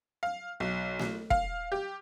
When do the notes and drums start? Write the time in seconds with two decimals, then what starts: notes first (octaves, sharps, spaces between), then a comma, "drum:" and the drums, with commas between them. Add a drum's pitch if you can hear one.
0.23 F5
0.60 B1
1.00 drum: snare A3
1.30 F5, drum: kick
1.72 G4